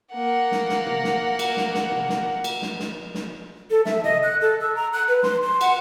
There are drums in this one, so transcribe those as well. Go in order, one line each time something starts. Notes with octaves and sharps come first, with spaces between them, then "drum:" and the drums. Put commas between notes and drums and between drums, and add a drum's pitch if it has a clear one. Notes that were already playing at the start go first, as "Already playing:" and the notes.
A#3 F#5
drum: snare
drum: snare
drum: tom C3
drum: snare
drum: cymbal
drum: snare
drum: snare
drum: tom C3
drum: snare
drum: cymbal
drum: snare
drum: snare
drum: snare
A4
E5, drum: snare
D#5, drum: tom C3
F#6
A4
E6
A#5
F#6
B4
C6, drum: snare
C6
F#5, drum: cymbal